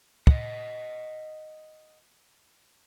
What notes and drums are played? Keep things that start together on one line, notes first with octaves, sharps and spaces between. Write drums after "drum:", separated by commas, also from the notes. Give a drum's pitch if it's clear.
D#5 F#5, drum: kick